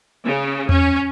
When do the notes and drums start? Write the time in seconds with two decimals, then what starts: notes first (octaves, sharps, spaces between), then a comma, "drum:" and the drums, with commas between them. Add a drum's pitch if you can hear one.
0.25 C#3
0.69 C#4, drum: tom E2